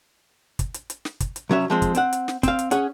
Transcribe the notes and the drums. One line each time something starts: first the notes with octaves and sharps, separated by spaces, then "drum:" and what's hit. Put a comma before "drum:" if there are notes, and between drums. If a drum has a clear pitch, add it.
drum: kick, hi-hat
drum: hi-hat
drum: hi-hat
drum: snare
drum: kick, hi-hat
drum: hi-hat
C2 F#3 C#4 E5
F3 G#3 C4
drum: kick, hi-hat
C4 F#5, drum: hi-hat
drum: hi-hat
drum: snare
C4 F5, drum: kick, hi-hat
drum: hi-hat
C#4 G#4 C#5 F#5, drum: hi-hat